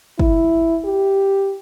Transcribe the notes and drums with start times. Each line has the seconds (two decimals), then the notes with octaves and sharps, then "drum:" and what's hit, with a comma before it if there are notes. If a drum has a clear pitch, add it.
0.19 E4, drum: kick
0.85 G4